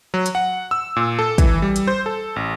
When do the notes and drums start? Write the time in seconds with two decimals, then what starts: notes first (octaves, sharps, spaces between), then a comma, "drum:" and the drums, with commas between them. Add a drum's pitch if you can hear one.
0.14 F#3
0.26 drum: hi-hat
0.35 F#5
0.71 E6
0.96 A#2
1.19 A4
1.38 E3, drum: kick, hi-hat
1.62 G3
1.76 drum: hi-hat
1.87 C5
2.06 A4
2.36 A1